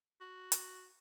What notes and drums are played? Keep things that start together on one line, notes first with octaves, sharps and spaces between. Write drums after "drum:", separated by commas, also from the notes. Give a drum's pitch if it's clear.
F#4
drum: hi-hat